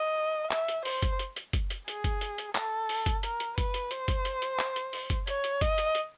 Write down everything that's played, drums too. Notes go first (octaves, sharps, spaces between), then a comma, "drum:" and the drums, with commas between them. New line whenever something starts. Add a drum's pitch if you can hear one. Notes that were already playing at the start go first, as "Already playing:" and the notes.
Already playing: D#5
E5, drum: clap
drum: hi-hat
C5, drum: open hi-hat
drum: kick F#1, hi-hat
drum: hi-hat
drum: hi-hat
drum: kick F#1, hi-hat
drum: hi-hat
G#4, drum: hi-hat
drum: kick F#1, hi-hat
drum: hi-hat
drum: hi-hat
A4, drum: clap
drum: open hi-hat
drum: kick F#1, hi-hat
A#4, drum: hi-hat
drum: hi-hat
B4, drum: kick F#1, hi-hat
drum: hi-hat
C5, drum: hi-hat
drum: kick F#1, hi-hat
drum: hi-hat
drum: hi-hat
drum: clap
drum: hi-hat
drum: open hi-hat
drum: kick F#1, hi-hat
C#5, drum: hi-hat
drum: hi-hat
D#5, drum: kick F#1, hi-hat
drum: hi-hat
drum: hi-hat